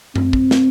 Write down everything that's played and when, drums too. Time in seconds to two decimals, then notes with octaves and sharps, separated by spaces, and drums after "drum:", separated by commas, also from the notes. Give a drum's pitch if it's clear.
0.16 C4, drum: tom F#2
0.33 drum: kick
0.51 drum: snare